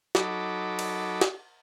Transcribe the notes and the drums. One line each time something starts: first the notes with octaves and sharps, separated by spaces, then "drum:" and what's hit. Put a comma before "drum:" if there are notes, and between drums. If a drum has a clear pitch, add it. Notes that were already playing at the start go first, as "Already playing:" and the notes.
F#3 D#4 A4 B5 D6, drum: snare
drum: cymbal
drum: snare